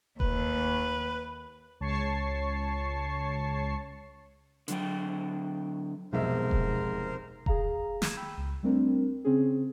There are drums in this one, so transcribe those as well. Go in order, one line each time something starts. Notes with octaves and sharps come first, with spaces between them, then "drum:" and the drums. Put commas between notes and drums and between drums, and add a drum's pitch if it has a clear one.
D#2 B4, drum: kick E1
C#2 C#5 A5 C#6 C7
D3 F#3 G5, drum: hi-hat
F1 B1 G#2 B2 F#3 A#4 C5 E5
drum: kick E1
G#4 F5 A#5, drum: kick E1
G#6 D#7 E7, drum: snare
G5 B5 E6 G6
C#2
G3 A3 C4 D4 A#4
C#3 C4 C#4 G#4